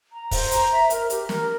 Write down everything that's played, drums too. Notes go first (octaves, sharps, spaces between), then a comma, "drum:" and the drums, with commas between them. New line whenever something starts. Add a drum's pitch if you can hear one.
A#5
C5, drum: kick, open hi-hat
A#5, drum: hi-hat
E5
A#4, drum: hi-hat
G4, drum: hi-hat
A#4, drum: snare